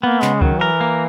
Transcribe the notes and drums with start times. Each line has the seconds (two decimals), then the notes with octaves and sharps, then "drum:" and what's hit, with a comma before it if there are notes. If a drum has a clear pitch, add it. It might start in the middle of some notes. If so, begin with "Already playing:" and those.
0.03 A#3 B3
0.22 C#3 G#3, drum: clap
0.41 D#3 F#3, drum: kick C#2
0.60 E3 A#4
0.81 A#3